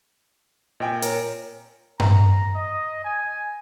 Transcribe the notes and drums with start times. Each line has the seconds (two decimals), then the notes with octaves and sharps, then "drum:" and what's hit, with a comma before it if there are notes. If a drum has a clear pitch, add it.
0.80 A#2 D#5 G5 G#5
1.02 A#4 C#5, drum: hi-hat
2.00 A#5, drum: tom G2
2.55 D#5
3.04 G#5